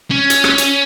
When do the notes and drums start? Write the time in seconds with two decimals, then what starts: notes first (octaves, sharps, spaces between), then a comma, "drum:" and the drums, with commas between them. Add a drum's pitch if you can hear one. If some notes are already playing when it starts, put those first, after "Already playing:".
0.11 C#4
0.30 drum: hi-hat
0.44 drum: rim click
0.58 drum: hi-hat